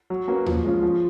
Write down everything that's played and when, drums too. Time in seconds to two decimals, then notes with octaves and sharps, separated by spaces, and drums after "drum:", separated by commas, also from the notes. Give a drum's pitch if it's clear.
0.10 F#3
0.28 A#3 C#4 F#4 B4
0.46 F3, drum: tom D2
0.65 G#3 C#4 F4
0.83 F3